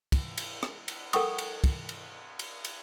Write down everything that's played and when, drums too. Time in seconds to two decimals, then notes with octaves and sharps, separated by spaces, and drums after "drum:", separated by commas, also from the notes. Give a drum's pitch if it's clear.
0.12 drum: kick, cymbal
0.38 drum: cymbal
0.63 drum: rim click
0.88 drum: cymbal
1.13 A4 A#4 F#5 G5 C#6 D#6, drum: cymbal
1.38 drum: cymbal
1.64 drum: kick, cymbal
1.89 drum: cymbal
2.39 drum: cymbal
2.65 drum: cymbal